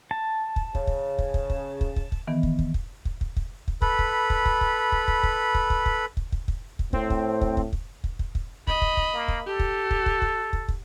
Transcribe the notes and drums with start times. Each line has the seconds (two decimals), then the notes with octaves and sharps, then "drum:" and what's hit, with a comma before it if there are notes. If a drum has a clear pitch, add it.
0.11 A5
0.56 drum: kick
0.75 C#3, drum: kick
0.87 drum: kick
1.18 drum: kick
1.34 drum: kick
1.50 drum: kick
1.81 drum: kick
1.96 drum: kick
2.12 drum: kick
2.27 D#3 E3 B3
2.43 drum: kick
2.59 drum: kick
2.74 drum: kick
3.05 drum: kick
3.21 drum: kick
3.36 drum: kick
3.68 drum: kick
3.82 A4 B4 B5, drum: kick
3.99 drum: kick
4.30 drum: kick
4.46 drum: kick
4.61 drum: kick
4.92 drum: kick
5.08 drum: kick
5.23 drum: kick
5.55 drum: kick
5.70 drum: kick
5.86 drum: kick
6.17 drum: kick
6.32 drum: kick
6.48 drum: kick
6.79 drum: kick
6.93 A2 C4, drum: kick
7.10 drum: kick
7.41 drum: kick
7.57 drum: kick
7.73 drum: kick
8.04 drum: kick
8.19 drum: kick
8.35 drum: kick
8.67 D#5 B5, drum: kick
8.82 drum: kick
8.97 drum: kick
9.14 A#3
9.28 drum: kick
9.47 G4 A4
9.59 drum: kick
9.91 drum: kick
10.06 drum: kick
10.22 drum: kick
10.53 drum: kick
10.68 drum: kick